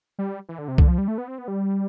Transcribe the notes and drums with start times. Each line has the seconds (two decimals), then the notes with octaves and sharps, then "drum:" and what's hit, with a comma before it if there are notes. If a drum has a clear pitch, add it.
0.19 G3
0.49 E3
0.58 D3
0.68 C3
0.78 D3, drum: kick C2
0.88 F3
0.98 G3
1.08 A3
1.18 B3
1.28 C4
1.38 B3
1.48 G3